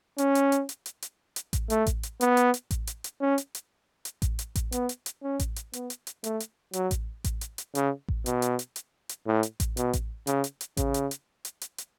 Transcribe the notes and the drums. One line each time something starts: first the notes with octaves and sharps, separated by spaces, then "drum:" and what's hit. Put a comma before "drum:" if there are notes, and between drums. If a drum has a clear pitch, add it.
C#4, drum: hi-hat
drum: hi-hat
drum: hi-hat
drum: hi-hat
drum: hi-hat
drum: hi-hat
drum: hi-hat
drum: kick A1, hi-hat
A3, drum: hi-hat
drum: kick A1, hi-hat
drum: hi-hat
B3, drum: hi-hat
drum: hi-hat
drum: hi-hat
drum: kick A1, hi-hat
drum: hi-hat
drum: hi-hat
C#4
drum: hi-hat
drum: hi-hat
drum: hi-hat
drum: kick A1, hi-hat
drum: hi-hat
drum: kick A1, hi-hat
B3, drum: hi-hat
drum: hi-hat
drum: hi-hat
C#4
drum: kick A1, hi-hat
drum: hi-hat
B3, drum: hi-hat
drum: hi-hat
drum: hi-hat
A3, drum: hi-hat
drum: hi-hat
F#3, drum: hi-hat
drum: kick A1, hi-hat
drum: kick A1, hi-hat
drum: hi-hat
drum: hi-hat
C#3, drum: hi-hat
drum: kick A1
B2, drum: hi-hat
drum: hi-hat
drum: hi-hat
drum: hi-hat
drum: hi-hat
A2
drum: hi-hat
drum: kick A1, hi-hat
B2, drum: hi-hat
drum: kick A1, hi-hat
C#3, drum: hi-hat
drum: hi-hat
drum: hi-hat
C#3, drum: kick A1, hi-hat
drum: hi-hat
drum: hi-hat
drum: hi-hat
drum: hi-hat
drum: hi-hat